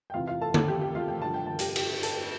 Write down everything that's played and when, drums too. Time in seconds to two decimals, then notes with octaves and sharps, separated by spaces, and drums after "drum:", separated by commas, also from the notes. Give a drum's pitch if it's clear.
0.10 G5
0.14 E2 C3 E3 F4 F5
0.28 F4 F5
0.41 A4 A5
0.54 A4 A5, drum: tom D3
0.68 G4 G5
0.81 G4 G5
0.95 F4 F5
1.08 G5
1.22 G2 D3 F3 A5
1.34 G5
1.46 A5
1.59 G4 G5, drum: hi-hat
1.76 G4 G5, drum: cymbal
2.03 A4 A5, drum: hi-hat